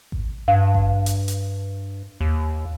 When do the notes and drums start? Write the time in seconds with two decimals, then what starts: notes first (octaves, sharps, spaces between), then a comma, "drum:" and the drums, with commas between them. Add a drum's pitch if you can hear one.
0.12 drum: kick G#1
0.48 G2 F5
0.75 drum: kick G#1
1.06 drum: hi-hat
1.28 drum: hi-hat
2.21 D#2